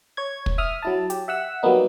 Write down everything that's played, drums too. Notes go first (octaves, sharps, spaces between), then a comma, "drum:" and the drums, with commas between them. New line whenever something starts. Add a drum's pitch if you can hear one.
C#5 G#6
drum: kick
E5 D#6 F6
F#3 E4 A5
G4, drum: hi-hat
E5 F#5 E6
F#3 G3 A#3 B3 D#4